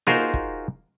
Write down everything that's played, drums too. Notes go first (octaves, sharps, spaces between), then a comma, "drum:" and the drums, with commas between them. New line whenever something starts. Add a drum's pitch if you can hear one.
D#4 F4 F#4 G#4 A#4 C5, drum: snare A#3
drum: kick